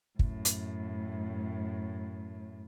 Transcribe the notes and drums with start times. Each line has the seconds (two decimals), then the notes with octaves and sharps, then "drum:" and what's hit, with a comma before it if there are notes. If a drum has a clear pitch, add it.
0.19 F#2 A2, drum: kick
0.45 drum: hi-hat